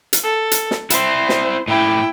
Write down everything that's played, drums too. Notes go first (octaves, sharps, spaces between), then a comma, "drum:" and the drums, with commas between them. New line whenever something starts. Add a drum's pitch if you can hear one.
drum: hi-hat
A4
drum: hi-hat
drum: snare
C4 E4 C5, drum: hi-hat
drum: snare
A2 E4 G4 G5